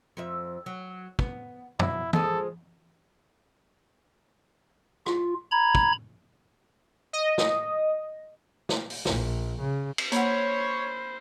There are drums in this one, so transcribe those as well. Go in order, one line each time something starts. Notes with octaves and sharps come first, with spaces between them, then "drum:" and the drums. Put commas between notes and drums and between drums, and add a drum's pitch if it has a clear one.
F2 F3 E5
F#3
B3, drum: kick
B2 E4, drum: tom
F3 G#3 G#4 A4, drum: tom E3
F4, drum: rim click
A#5 B5 G#6
drum: kick
D#5
drum: snare
drum: snare
drum: open hi-hat
A#1, drum: snare
C#3
drum: cymbal
A#3 C5 C#5 F#5 B5, drum: hi-hat